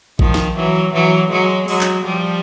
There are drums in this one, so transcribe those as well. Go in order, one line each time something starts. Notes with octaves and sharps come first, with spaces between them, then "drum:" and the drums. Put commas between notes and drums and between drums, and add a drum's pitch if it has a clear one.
D#3 F3, drum: kick A1
drum: snare
E3 F#3
E3 F#3
F#3 G#3
F#3 G#3, drum: open hi-hat
drum: clap
F3 G3